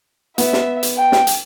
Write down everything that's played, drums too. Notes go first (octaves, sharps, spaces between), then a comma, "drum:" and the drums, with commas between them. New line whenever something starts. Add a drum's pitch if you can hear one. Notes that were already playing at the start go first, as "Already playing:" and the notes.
B3 E5, drum: hi-hat
drum: snare
drum: hi-hat
G5
drum: snare
drum: hi-hat